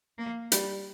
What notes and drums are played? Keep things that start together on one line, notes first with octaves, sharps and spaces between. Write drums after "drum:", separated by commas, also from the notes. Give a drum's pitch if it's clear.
A#3
G3, drum: hi-hat